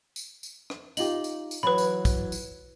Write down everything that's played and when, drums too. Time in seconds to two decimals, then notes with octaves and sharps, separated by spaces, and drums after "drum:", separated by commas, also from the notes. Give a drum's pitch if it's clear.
0.16 drum: tambourine
0.43 drum: tambourine
0.70 drum: rim click
0.97 D#4 F4 G4 F#7, drum: tambourine
1.24 drum: tambourine
1.51 drum: tambourine
1.63 E3 F#3 B4 B5
1.78 drum: tambourine
2.05 drum: kick, tambourine
2.32 drum: tambourine